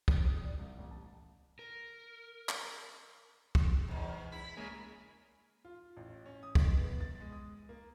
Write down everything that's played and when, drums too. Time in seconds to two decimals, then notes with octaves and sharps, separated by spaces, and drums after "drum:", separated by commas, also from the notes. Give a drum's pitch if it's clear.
0.08 F2, drum: kick
0.25 D#6
0.45 D5
0.59 C2
0.78 A1
0.91 A5
1.59 A#4
2.49 drum: clap
3.55 drum: kick
3.88 E2 G#2
4.32 E4 B5
4.57 C#3 G#3 A#3
5.65 F4
5.97 A1
6.26 C#4
6.43 D#6
6.55 D#5, drum: kick
6.75 B3
7.01 A6
7.20 G#3
7.32 D#6
7.69 A#3